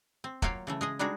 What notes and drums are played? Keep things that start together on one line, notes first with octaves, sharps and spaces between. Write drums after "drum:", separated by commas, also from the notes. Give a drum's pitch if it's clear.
C4
F#3 A#3 F4 C#5 F5 G5, drum: kick
C#3 E3 A3
G#3 G#4 D#5
G3 G#3 D4 D#4 F#4 G#4